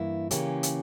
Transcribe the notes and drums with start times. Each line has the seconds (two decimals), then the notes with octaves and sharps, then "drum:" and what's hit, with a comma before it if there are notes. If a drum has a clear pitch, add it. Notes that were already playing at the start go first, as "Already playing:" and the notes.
Already playing: G2 E3 A#3 E4
0.31 C#3 E3 A#3 C#4 G4, drum: hi-hat
0.63 drum: hi-hat